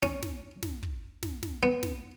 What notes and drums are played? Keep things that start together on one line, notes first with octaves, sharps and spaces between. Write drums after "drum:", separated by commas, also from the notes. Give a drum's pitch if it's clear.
C#4, drum: snare
drum: snare
drum: snare
drum: kick
drum: snare
drum: snare
B3
drum: snare